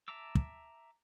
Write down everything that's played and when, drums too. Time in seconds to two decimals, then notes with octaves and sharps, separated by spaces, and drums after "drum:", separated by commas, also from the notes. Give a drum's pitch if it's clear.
0.08 E5 A5 A#5 D6 E6
0.35 drum: kick